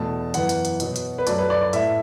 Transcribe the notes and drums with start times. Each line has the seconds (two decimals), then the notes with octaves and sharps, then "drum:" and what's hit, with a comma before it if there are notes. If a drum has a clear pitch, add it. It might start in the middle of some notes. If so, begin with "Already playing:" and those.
Already playing: E2 B2 A3 A5
0.34 F#2 E3 B3 F#5, drum: hi-hat
0.49 drum: hi-hat
0.65 drum: hi-hat
0.80 B2 F#3 B3, drum: hi-hat
0.96 drum: hi-hat
1.18 B4
1.27 F#2 F#3 A3 D5, drum: hi-hat
1.38 B4
1.50 D5
1.61 D5
1.73 A2 A3 E5, drum: hi-hat